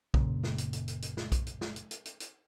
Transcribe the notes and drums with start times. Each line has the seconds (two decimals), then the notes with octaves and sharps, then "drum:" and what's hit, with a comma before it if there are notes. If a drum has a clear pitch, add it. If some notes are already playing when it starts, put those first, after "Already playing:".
0.14 F#1 A#2 C#3, drum: kick B1
0.43 drum: snare
0.58 drum: hi-hat
0.73 drum: hi-hat
0.88 drum: hi-hat
1.02 drum: hi-hat
1.17 drum: snare
1.32 drum: kick B1, hi-hat
1.47 drum: hi-hat
1.61 drum: snare
1.76 drum: hi-hat
1.91 drum: hi-hat
2.05 drum: hi-hat
2.20 drum: hi-hat